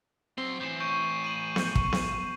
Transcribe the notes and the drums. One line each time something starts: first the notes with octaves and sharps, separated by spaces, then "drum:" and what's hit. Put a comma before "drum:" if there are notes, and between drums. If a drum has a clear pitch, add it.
F#3 C4 C6 C7
A2 E3 G6 C7 E7
C#6 G6 D7
D#7 F#7
C#6 G6, drum: snare B3
drum: kick
drum: snare B3